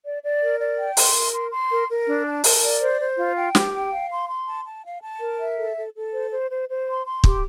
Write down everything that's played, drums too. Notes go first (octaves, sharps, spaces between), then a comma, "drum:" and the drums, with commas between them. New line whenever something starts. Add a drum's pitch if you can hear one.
D5
D5
A#4
D5
G5
C6, drum: open hi-hat
A#4
C6
C6
A#4
A#4
D4
A5
A#4, drum: open hi-hat
D5
C5
C5
F4
G5
G4, drum: snare
G5
F5
C6
C6
A5
A5
F5
A5
A#4
E5
A4
A4
A4
C5
C5
C5
C5
C6
C6
G4, drum: kick